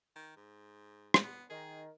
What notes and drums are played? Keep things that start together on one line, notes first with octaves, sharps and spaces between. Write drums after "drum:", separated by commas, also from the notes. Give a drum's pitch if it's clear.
D#3
G#2
drum: rim click
B3
D#3 G#4